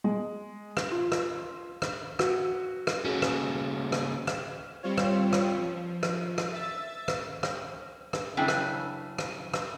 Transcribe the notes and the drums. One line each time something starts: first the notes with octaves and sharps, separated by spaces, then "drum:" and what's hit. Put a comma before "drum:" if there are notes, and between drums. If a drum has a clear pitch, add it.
G#3
drum: rim click
F4
drum: rim click
drum: rim click
F#4, drum: rim click
drum: rim click
D#2 C#3 F#4 G#4 A4
drum: rim click
drum: rim click
drum: rim click
G3 C4 F4 C#5
drum: rim click
drum: rim click
F3
drum: rim click
drum: rim click
E5 E6 A6
drum: rim click
drum: rim click
drum: rim click
F#2 C#3 D4 E4 G5 G#5
drum: rim click
drum: rim click
drum: rim click